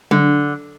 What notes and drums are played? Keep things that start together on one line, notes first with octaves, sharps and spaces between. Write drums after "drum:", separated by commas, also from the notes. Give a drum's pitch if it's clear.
D3, drum: tom F#3